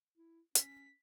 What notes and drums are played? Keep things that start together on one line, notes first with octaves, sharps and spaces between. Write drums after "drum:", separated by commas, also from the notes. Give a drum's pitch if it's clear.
E4
C#4 B6, drum: hi-hat